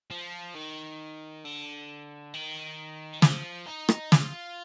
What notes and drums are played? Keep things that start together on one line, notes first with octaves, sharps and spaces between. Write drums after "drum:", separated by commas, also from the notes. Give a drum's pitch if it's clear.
F3
D#3
D3
D#3
F3, drum: snare
D#4
drum: rim click
F4, drum: snare